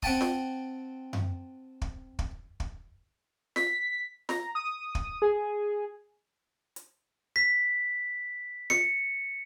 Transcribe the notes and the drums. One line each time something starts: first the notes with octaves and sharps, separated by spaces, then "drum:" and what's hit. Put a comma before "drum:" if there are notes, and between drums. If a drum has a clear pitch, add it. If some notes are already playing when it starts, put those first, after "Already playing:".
C4 F#5 G5 A5 D#6, drum: kick
drum: snare
drum: tom F#2
drum: kick
drum: kick
drum: kick
B6, drum: snare
A#5, drum: snare
D#6
drum: kick
G#4
drum: hi-hat
B6
C#7, drum: snare